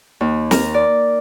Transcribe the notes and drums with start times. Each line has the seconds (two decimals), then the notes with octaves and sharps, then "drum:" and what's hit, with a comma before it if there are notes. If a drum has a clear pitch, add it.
0.21 D#2
0.51 A#4, drum: snare
0.74 D5